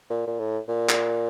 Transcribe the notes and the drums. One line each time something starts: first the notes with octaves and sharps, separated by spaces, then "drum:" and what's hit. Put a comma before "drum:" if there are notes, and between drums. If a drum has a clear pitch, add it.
A#2
A#2
A2
A#2
drum: clap